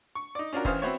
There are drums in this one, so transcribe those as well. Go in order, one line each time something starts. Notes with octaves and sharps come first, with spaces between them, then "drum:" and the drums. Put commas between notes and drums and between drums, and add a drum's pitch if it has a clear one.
C#6
D#4 D5
C#4 D4 F4 F#4 A#4
A1 E3 C#4 C5 F5 D#6, drum: kick F1
B3 C4 E4 F#4 C5 C#5